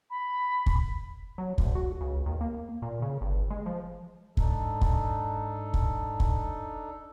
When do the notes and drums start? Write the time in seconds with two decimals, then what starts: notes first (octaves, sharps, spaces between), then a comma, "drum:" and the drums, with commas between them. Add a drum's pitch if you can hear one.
0.10 B5
0.66 drum: kick
1.38 F#3
1.58 D2, drum: kick
1.75 F#4
2.01 C#2
2.26 D#2
2.41 A#3
2.82 A#2
3.02 C#3
3.21 G1
3.50 G#3
3.66 F3
4.37 G#2 D4 D#4 A4, drum: kick
4.81 drum: kick
5.74 drum: kick
6.20 drum: kick